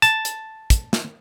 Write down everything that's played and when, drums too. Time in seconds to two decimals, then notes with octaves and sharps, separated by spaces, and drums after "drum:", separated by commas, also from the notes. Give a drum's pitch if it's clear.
0.02 A5, drum: hi-hat
0.25 drum: hi-hat
0.70 drum: kick, hi-hat
0.93 drum: snare